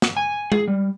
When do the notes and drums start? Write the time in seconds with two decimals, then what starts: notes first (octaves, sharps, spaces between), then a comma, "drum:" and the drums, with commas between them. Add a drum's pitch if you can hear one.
0.02 drum: snare
0.17 G#5
0.52 G#4, drum: tom G#3
0.68 G3